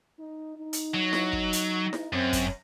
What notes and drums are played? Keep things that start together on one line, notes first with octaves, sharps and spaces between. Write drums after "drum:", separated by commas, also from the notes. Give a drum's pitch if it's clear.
D#4
D#4
drum: hi-hat
F#3
drum: snare E4
drum: kick
drum: hi-hat
drum: snare E4
F#2 C4
drum: kick, hi-hat